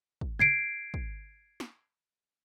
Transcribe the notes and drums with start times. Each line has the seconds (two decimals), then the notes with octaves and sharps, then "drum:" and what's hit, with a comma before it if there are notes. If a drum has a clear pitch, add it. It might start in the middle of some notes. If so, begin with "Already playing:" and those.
0.21 drum: kick
0.39 G#6 C7 D7, drum: tom C#3
0.94 drum: kick
1.60 drum: snare